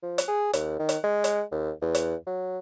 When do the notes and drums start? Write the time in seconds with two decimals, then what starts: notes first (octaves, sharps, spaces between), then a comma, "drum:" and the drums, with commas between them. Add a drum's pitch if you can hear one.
0.03 F3
0.18 drum: hi-hat
0.28 G#4
0.53 D#2, drum: hi-hat
0.79 D#3
0.89 drum: hi-hat
1.04 G#3
1.24 drum: hi-hat
1.51 D#2
1.82 E2
1.95 drum: hi-hat
2.27 F#3